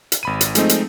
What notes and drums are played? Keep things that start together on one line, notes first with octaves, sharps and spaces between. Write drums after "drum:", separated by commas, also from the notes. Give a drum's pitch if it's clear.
drum: hi-hat
G#1 B5 D#7
drum: hi-hat
F3 G#3 A3 C4 D#4, drum: hi-hat
drum: hi-hat